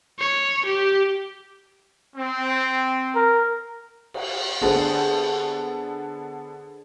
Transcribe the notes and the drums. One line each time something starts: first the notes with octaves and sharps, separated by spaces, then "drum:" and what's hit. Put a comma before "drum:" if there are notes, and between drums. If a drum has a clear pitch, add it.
C#5
G4
C4
A#4
drum: cymbal
D3 B3 D4 G#4 A4 C5